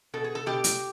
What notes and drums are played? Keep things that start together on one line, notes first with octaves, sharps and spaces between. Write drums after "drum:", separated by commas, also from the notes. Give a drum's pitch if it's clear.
B2 A4
G#4
A4
B2 G4
drum: hi-hat